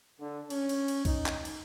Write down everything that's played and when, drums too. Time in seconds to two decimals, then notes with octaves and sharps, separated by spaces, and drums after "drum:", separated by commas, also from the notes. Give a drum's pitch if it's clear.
0.20 D3
0.50 C#4, drum: cymbal
0.69 drum: cymbal
0.88 drum: cymbal
1.05 D#4, drum: kick B1, cymbal
1.26 drum: clap
1.45 drum: cymbal